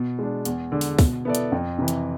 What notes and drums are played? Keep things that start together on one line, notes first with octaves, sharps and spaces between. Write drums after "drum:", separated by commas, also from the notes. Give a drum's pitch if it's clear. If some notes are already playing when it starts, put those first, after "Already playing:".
Already playing: B2
G#3 D4
E2, drum: hi-hat
D3 G#3
drum: open hi-hat
B2, drum: kick, open hi-hat
B3 E4 A4 D5
drum: hi-hat
F2
C3 E3
drum: hi-hat